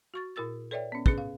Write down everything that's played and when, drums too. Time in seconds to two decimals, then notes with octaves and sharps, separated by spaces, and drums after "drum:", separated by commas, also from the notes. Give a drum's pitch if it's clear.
0.14 F#4 C#6 A6
0.36 A#2 E4 A#4 E6 A6
0.71 A4 B4 C#5 D5 E5 G5
0.92 B3 C#4
1.06 C#4 G#4 B4, drum: kick
1.18 F5